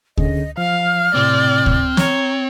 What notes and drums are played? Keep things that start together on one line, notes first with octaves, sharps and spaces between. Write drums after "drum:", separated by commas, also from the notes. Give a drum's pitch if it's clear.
D3 C#4 G#4 D#5, drum: kick D2
F3 F5 F6
A2 C3 C4 D5 D6
drum: kick D2
C#5 A#5 C#6, drum: snare